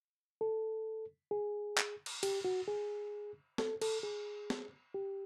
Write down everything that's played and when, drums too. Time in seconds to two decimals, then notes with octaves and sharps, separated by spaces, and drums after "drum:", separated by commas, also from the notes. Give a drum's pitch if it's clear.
0.41 A4
1.31 G#4
1.78 drum: clap
2.06 drum: cymbal
2.23 G4, drum: cymbal
2.45 F#4
2.68 G#4
3.58 A4, drum: snare
3.82 A4, drum: cymbal
4.03 G#4
4.50 drum: snare
4.94 G4